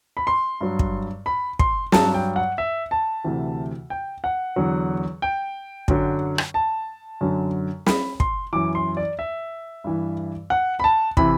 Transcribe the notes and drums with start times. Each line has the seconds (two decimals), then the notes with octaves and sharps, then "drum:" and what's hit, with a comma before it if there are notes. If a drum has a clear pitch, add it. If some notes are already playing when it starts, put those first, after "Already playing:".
0.17 B5
0.27 C6
0.61 G2 F#3
0.79 drum: kick
1.26 B5
1.59 C6, drum: kick
1.92 G2 F#3 A5, drum: snare
2.14 G5
2.36 F#5
2.58 E5
2.91 A5
3.24 D2 C3 E3
3.90 G5
4.24 F#5
4.56 E2 D3 F#3
5.22 G5
5.88 F#2 D3 F#3, drum: kick
6.38 drum: rim click
6.54 A5
7.21 F#2 D3 F#3
7.86 B5, drum: snare
8.20 C6, drum: kick
8.53 F#2 E3 D6
8.75 C6
8.97 D5
9.19 E5
9.84 G2 E3
10.50 F#5
10.80 B5
10.84 A5
11.17 C3 E3 B5, drum: kick